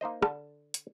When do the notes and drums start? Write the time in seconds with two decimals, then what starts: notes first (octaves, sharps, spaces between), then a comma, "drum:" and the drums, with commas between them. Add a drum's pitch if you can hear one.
0.01 A#3 D#4 C5 D#5
0.22 D3 A5, drum: rim click
0.74 drum: hi-hat